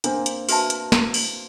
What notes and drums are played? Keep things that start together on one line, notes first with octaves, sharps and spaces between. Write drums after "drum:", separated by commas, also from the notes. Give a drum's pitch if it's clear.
A#3 C4 D4, drum: hi-hat
drum: hi-hat
F#4 B4 E5 A5, drum: open hi-hat
drum: hi-hat
E4, drum: snare
drum: open hi-hat